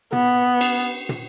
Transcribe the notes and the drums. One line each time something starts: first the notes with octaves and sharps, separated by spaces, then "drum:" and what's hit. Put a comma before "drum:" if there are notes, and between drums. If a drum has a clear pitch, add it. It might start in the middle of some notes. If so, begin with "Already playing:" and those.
B3, drum: tom
drum: cymbal
drum: tom